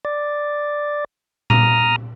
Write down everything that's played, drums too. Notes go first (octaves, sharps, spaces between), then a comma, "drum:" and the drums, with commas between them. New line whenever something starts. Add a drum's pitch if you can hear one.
D5
A#5 D#6 F6, drum: tom A#2